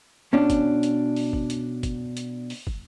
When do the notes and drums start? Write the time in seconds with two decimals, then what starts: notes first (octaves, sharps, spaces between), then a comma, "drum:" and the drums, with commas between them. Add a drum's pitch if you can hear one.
0.33 B2 C#4 D4
0.50 drum: kick, hi-hat
0.83 drum: hi-hat
1.16 drum: open hi-hat
1.33 drum: kick
1.50 drum: hi-hat
1.83 drum: kick, hi-hat
2.17 drum: hi-hat
2.50 drum: open hi-hat
2.67 drum: kick